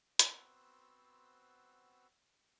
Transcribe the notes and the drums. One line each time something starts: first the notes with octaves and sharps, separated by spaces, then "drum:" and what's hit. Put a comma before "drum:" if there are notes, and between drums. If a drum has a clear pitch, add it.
B3 C4 F#4 C5 E6, drum: hi-hat